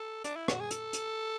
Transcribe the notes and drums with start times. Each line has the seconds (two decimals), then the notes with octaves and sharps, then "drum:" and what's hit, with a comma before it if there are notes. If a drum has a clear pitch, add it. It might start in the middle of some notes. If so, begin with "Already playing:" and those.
Already playing: A4
0.24 D4, drum: hi-hat
0.36 E4
0.48 F#4, drum: rim click
0.60 G#4
0.71 A4, drum: hi-hat
0.93 drum: hi-hat